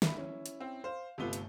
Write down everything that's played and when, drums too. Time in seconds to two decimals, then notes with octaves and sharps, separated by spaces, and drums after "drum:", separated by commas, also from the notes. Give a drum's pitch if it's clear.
0.02 E5 B5, drum: snare
0.17 C#4 E4
0.46 drum: hi-hat
0.60 C4
0.84 C5 F5
1.18 G1 C3 A3 B3 F4 G7
1.33 drum: hi-hat